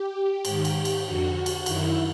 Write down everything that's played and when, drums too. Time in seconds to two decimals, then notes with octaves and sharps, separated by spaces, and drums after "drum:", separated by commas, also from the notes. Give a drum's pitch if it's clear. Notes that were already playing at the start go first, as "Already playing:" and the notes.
Already playing: G4
0.45 G#2 D#3, drum: cymbal
0.65 drum: cymbal
0.85 drum: cymbal
1.05 F2 D3 F#4
1.46 drum: cymbal
1.66 F#2 D#3 E4, drum: cymbal